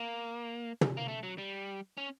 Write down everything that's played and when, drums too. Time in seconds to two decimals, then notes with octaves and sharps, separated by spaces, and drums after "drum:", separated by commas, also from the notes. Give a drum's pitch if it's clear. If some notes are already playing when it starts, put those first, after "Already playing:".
Already playing: A#3
0.81 drum: tom
0.97 A#3
1.08 A3
1.23 F#3
1.38 G3
1.97 C#4